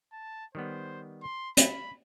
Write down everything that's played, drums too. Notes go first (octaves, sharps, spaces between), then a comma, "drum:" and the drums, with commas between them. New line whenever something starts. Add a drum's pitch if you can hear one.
A5
D#3 G3 B3 C5
C6
F5 B5, drum: hi-hat